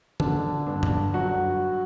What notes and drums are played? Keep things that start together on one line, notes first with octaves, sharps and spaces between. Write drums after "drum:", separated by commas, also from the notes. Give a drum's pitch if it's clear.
D3 D4, drum: tom D3
G2 D4
drum: tom F#2
F#3 F#4